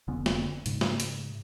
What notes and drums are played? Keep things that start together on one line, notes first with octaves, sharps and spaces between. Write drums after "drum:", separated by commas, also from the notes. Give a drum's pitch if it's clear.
F1 D3 B3 C#4
drum: snare
G#2 C#3, drum: hi-hat
drum: snare
drum: hi-hat